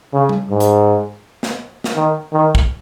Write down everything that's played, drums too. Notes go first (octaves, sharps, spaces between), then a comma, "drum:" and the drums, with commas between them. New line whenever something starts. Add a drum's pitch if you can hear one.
C#3
drum: tom G3
G#2
drum: hi-hat
drum: snare
drum: snare
D#3
D#3
drum: kick